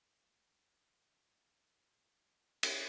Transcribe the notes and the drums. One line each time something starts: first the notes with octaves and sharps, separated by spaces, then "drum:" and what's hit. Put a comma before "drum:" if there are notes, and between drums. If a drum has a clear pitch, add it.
C5 F5 A5
drum: cymbal